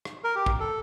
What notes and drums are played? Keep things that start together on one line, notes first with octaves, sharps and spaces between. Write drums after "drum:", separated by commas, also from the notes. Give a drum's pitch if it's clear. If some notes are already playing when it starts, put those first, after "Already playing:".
drum: rim click
A#4
G4
drum: kick
A4